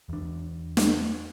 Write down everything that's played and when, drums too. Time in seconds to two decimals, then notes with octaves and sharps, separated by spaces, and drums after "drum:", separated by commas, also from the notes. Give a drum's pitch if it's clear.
0.09 E2 D4
0.77 drum: snare